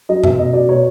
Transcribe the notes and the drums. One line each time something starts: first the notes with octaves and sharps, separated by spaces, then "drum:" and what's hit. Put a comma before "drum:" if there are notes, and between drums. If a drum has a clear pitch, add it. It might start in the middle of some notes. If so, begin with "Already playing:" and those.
F#3 D#5
B2 E5, drum: tom F#2
B2 D#5
B2 D5
B2 C#5